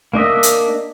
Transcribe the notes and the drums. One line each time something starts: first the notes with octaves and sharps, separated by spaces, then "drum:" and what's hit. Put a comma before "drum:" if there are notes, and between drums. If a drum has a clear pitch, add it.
A#3 D4 D#5 E5
drum: hi-hat